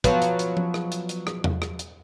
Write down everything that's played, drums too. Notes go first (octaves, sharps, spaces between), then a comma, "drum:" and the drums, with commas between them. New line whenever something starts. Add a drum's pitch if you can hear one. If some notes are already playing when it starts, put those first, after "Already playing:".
F3 F#3 B3 B4, drum: kick, hi-hat
drum: hi-hat
drum: hi-hat
drum: tom F3
drum: rim click
drum: hi-hat
drum: hi-hat
drum: rim click
drum: tom E2
drum: rim click
drum: hi-hat